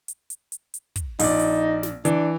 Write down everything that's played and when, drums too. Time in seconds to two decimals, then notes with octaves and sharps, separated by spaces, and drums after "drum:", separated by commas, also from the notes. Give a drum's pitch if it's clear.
0.08 drum: hi-hat
0.30 drum: hi-hat
0.52 drum: hi-hat
0.74 drum: hi-hat
0.96 drum: kick, hi-hat
1.19 A#1 D#4 D5, drum: open hi-hat
1.39 drum: hi-hat
1.83 drum: snare
2.05 E3 D4, drum: hi-hat